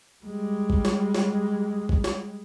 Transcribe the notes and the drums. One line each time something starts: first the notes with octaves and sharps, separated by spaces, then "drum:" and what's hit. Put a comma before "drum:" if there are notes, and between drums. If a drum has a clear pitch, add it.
G3 G#3
drum: kick
drum: snare
drum: snare
drum: kick
drum: snare